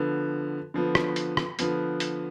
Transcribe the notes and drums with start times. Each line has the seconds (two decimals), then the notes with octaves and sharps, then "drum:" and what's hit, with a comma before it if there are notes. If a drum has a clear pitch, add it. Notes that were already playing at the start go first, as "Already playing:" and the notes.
Already playing: D3 F3 B3
0.74 D3 F3 B3
0.95 drum: rim click
1.16 drum: hi-hat
1.37 drum: rim click
1.59 D3 F3 B3, drum: hi-hat
2.00 drum: hi-hat